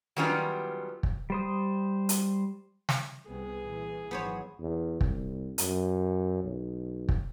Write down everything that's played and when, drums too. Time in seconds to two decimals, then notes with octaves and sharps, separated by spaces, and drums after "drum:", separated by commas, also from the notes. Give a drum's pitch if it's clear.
0.16 D#3 F#3 G3 B3 C#4 F4
1.03 drum: kick
1.30 G3 C5 D#6
2.09 drum: hi-hat
2.89 drum: snare
3.28 C2 B3 G#4
3.62 A#2 E3
4.11 G#1 E3 F#3 B3 C5 C#5
4.60 E2
5.01 C2, drum: kick
5.58 F#2, drum: hi-hat
6.43 B1
7.09 drum: kick